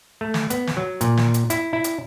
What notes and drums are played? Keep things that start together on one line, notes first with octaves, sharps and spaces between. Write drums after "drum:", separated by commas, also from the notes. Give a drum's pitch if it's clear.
A3
drum: snare
B3, drum: hi-hat
drum: snare
F#3
A#2, drum: hi-hat
drum: snare
drum: hi-hat
E4, drum: hi-hat
E4
drum: hi-hat